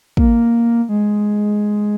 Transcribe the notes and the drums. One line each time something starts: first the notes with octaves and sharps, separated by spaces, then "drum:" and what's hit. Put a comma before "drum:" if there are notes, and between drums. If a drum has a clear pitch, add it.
A#3, drum: kick
G#3